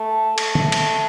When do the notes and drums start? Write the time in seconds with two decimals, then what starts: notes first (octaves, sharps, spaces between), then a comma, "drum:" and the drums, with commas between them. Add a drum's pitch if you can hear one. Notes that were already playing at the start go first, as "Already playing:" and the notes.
Already playing: A3
0.38 A3, drum: cymbal
0.55 drum: tom
0.72 drum: cymbal